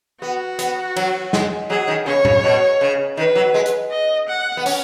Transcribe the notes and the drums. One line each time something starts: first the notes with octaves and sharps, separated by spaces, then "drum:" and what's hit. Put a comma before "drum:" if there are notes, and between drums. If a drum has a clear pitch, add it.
B3 F#4
B3, drum: hi-hat
F#3, drum: cymbal
G#3, drum: snare
F#3 G#4
D#3
C#3 C#5
C#3, drum: tom A2
B2
C#3
D#3 B4
F#3
G#3
drum: hi-hat
D#5
F#5
B3
C#4, drum: open hi-hat